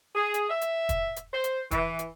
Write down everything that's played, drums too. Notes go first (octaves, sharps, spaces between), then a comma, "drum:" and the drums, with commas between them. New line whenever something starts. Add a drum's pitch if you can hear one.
G#4
drum: hi-hat
E5
drum: hi-hat
drum: kick, hi-hat
drum: hi-hat
C5
drum: hi-hat
E3, drum: kick, hi-hat
drum: hi-hat